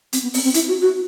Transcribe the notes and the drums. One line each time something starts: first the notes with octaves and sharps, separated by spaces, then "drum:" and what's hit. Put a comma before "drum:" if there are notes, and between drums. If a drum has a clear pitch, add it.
C4, drum: hi-hat
B3
C4, drum: open hi-hat
C4
E4, drum: hi-hat
F#4
F#4